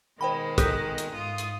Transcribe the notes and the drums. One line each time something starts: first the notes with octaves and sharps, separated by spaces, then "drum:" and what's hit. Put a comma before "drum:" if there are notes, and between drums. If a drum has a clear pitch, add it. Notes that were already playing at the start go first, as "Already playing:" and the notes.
B2 D#3 G#3 C5 G5 B5
A4 F#6 G6 B6, drum: kick, hi-hat
drum: hi-hat
G#2 F4 D#6
drum: hi-hat